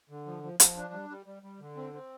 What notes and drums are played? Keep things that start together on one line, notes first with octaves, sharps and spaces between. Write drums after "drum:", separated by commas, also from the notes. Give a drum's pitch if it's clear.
D3
F3
F3
F3, drum: hi-hat
D4
G3
G3
G3
G3
D3
C4
C4